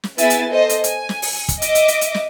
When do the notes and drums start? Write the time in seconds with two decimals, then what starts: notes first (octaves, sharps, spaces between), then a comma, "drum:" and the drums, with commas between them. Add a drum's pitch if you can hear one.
0.04 drum: snare
0.18 B3 E4 G#4 E5 G#5 A6, drum: hi-hat
0.30 drum: hi-hat
0.49 A4 C5 D#5
0.69 drum: hi-hat
0.84 G#5, drum: hi-hat
1.09 drum: snare
1.22 drum: open hi-hat
1.49 drum: kick, hi-hat
1.62 D#5 E5 D6, drum: hi-hat
1.75 drum: hi-hat
1.88 drum: hi-hat
2.01 drum: hi-hat
2.14 drum: snare